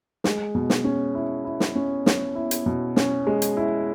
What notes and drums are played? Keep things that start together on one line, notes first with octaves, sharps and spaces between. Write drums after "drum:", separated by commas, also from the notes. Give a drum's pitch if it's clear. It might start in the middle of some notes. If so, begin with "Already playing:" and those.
G#3, drum: snare
B2
drum: snare
C#4
E4
E4
drum: snare
C#4
C#4, drum: snare
E4
drum: hi-hat
B2
C#4, drum: snare
G#3
drum: hi-hat
E4